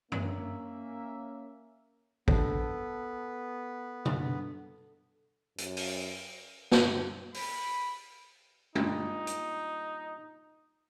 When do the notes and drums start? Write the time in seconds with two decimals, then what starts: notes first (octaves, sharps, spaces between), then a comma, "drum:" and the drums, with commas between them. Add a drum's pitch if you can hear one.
0.12 A#3 C#4 E5, drum: tom
2.28 B3 A4, drum: kick
4.05 drum: tom B2
5.58 F#2, drum: hi-hat
5.77 drum: open hi-hat
6.72 drum: snare
7.34 B5, drum: open hi-hat
8.75 G2 A#2 D#4, drum: tom G#3
9.27 drum: hi-hat